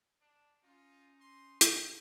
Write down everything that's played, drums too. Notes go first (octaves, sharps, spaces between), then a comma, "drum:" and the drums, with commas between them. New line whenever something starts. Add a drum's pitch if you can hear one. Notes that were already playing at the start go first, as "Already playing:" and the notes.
D4
C#4 D#4 F4
C6
G#4 A5, drum: hi-hat